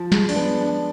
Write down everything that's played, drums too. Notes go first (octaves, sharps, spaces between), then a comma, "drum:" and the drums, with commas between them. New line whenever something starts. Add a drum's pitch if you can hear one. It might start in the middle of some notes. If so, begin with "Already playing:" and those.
Already playing: F3
G#3, drum: snare
D4, drum: open hi-hat
B3
D4